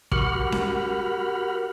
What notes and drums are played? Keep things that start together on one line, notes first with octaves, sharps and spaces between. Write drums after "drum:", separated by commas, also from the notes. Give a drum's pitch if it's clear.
F#4 G4 A#4 F#5 B5 F6, drum: kick
drum: snare C#4